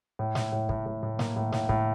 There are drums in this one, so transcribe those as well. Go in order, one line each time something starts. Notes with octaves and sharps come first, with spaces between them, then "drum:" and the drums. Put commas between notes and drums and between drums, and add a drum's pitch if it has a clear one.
A2
A2, drum: snare
A2
A2, drum: kick
A2
A2
A#3, drum: snare
A2
A2, drum: snare
A2, drum: kick